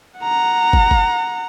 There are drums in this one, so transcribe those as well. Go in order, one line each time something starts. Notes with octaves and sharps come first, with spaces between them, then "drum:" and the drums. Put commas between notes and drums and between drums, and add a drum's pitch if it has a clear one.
F#5 A#5
drum: kick
drum: kick